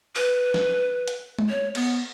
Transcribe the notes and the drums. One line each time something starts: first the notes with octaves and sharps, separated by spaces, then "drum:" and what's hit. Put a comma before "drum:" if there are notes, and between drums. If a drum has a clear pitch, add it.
B4, drum: open hi-hat
drum: snare
drum: hi-hat
drum: tom
C#5
B3, drum: cymbal